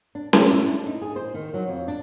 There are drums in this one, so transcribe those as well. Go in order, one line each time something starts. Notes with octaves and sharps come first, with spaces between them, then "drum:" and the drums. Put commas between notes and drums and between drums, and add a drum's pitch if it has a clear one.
D4
A3, drum: snare
E4
D4
D#4
G#4
C5
D#3
F#3
F2
D4